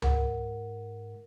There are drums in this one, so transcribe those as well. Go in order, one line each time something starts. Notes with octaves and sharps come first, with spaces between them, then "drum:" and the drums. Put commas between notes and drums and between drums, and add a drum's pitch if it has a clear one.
G#2 A#4 F#5, drum: tom C#2